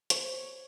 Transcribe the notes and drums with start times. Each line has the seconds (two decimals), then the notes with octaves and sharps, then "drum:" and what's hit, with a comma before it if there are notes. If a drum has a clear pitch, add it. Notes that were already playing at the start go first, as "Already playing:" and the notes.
0.10 C#5, drum: hi-hat